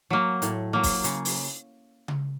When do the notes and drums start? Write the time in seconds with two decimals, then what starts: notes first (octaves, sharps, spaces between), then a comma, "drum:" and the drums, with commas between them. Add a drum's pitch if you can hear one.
0.10 F#3 A#3
0.42 A2, drum: hi-hat
0.73 F#3 A#3
0.83 drum: kick, open hi-hat
1.04 C#3, drum: hi-hat
1.25 drum: open hi-hat
2.08 drum: tom C#3